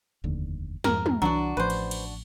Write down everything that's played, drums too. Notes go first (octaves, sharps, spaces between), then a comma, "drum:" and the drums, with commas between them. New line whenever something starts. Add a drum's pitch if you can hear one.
F1 D#2 D3
F2 G#2 A#4, drum: snare
drum: tom
C2 E3 F#3 D4 F#4
A1 F3 B4 C5
drum: cymbal
drum: cymbal